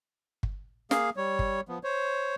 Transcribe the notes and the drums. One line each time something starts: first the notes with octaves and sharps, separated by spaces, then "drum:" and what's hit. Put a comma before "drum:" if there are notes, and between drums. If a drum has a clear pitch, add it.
drum: kick
A#3 G#4 F5, drum: snare
G3 C#5
drum: kick
F3 B3
C5 C#5